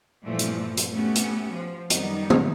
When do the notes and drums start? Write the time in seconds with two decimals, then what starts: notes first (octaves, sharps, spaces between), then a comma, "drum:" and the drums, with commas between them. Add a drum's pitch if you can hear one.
0.24 G2 A#2 E3 F3 A3
0.39 drum: hi-hat
0.77 drum: hi-hat
0.92 A3 B3 C#4 F#4 G4
1.16 drum: hi-hat
1.54 F3
1.90 F#2 D#3 G3 B3 D#4, drum: hi-hat
2.30 drum: tom